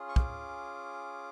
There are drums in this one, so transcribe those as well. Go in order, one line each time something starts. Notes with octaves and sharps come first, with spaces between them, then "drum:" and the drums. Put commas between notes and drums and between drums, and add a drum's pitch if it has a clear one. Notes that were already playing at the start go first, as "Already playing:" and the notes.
Already playing: C#4 F4 G#4
C#6
D6, drum: kick